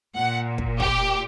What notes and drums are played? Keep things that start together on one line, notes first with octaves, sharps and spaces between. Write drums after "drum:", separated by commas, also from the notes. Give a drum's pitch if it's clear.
A#2 F#5
drum: kick
G4, drum: kick